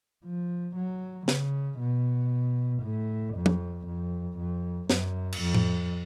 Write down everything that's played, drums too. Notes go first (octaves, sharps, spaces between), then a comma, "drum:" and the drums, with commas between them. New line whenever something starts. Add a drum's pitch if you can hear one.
F3
F#3
C#3, drum: snare
B2
A2
F2
drum: tom F3
F2
F2
F#2, drum: snare
drum: cymbal
F2
drum: tom A2